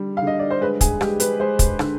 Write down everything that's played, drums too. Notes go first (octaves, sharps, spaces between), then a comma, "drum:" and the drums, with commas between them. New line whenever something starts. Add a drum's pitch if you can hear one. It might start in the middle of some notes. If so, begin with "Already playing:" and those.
Already playing: D3 G3
F5
D3 D#5
D5
C5
G#3 B4
G#4, drum: kick, hi-hat
G#3 G4, drum: rim click
B4, drum: hi-hat
G#3 C5
drum: kick, hi-hat
D3, drum: rim click